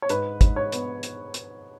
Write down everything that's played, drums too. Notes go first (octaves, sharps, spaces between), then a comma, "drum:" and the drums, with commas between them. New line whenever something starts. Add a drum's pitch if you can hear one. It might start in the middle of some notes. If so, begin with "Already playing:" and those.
C#5
G#2 B4, drum: hi-hat
G#2, drum: kick, hi-hat
C#5
B3, drum: hi-hat
drum: hi-hat
drum: hi-hat